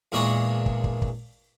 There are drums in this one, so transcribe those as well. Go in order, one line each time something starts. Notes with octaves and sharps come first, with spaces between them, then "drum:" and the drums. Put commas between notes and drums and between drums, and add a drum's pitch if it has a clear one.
E2 A#2 G#3 D4 C#5 A#5
drum: kick
drum: kick
drum: kick